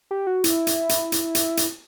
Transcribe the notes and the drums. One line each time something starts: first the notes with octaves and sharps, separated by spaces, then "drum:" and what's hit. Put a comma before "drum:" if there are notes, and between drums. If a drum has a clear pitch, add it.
G4
F#4
E4, drum: hi-hat
drum: hi-hat
drum: hi-hat
drum: hi-hat
drum: hi-hat
drum: hi-hat